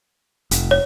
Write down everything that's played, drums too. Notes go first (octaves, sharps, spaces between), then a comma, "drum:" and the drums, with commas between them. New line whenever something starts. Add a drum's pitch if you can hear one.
F1, drum: hi-hat
C#5